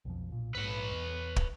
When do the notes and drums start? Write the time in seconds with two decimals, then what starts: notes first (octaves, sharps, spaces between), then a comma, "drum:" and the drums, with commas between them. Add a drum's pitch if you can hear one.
0.05 B1 F2 F3
0.28 B1 A#2
0.55 A#1 G#2 B4 C#5
0.91 E2
1.36 drum: kick